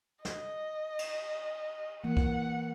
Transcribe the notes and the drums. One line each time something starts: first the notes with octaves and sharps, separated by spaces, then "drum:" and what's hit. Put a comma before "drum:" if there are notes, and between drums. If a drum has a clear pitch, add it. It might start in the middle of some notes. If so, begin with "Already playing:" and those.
D#5, drum: snare
drum: cymbal
E3 A#3 F#5
drum: kick B1